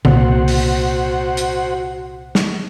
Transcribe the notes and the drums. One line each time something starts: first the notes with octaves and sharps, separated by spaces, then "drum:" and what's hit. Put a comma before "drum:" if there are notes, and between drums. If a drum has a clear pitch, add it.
C2 A#2 F#4 C5 F#5, drum: tom C#3
drum: open hi-hat
drum: hi-hat
drum: snare